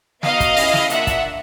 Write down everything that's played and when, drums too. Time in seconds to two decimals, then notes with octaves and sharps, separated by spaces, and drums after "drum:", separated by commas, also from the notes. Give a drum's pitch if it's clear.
0.23 B3 D#4 F#4 D#5 F5, drum: snare
0.40 drum: kick, hi-hat
0.56 C#4 E4 G#4, drum: open hi-hat
0.74 drum: snare
0.90 A#3 D4 F4 E5 F#5, drum: hi-hat
1.07 drum: kick, hi-hat